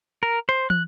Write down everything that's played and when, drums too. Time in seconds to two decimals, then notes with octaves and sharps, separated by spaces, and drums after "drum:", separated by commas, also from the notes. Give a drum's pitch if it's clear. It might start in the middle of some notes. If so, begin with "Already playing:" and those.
0.23 A#4
0.49 C5
0.70 F#6, drum: tom